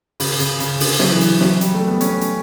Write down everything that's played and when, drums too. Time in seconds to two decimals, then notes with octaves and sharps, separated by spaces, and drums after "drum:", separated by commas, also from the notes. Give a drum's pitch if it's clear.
0.20 C#3, drum: open hi-hat
0.40 C#3, drum: hi-hat
0.60 C#3, drum: hi-hat
0.80 D3, drum: open hi-hat
0.99 F#3, drum: snare
1.10 E3
1.21 drum: hi-hat
1.41 F#3, drum: snare
1.61 G3, drum: hi-hat
1.74 A3
1.88 B3
2.01 C#4, drum: hi-hat
2.21 drum: hi-hat